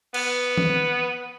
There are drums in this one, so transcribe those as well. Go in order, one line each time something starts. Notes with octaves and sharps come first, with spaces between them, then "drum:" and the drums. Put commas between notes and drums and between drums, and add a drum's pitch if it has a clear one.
B3, drum: cymbal
drum: tom E3